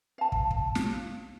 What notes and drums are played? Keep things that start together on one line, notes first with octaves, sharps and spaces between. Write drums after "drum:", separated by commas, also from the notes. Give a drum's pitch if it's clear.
F5 A5
drum: kick
drum: kick
drum: snare